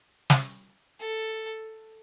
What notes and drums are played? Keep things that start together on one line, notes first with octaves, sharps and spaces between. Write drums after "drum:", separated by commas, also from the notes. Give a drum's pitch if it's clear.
drum: snare
A4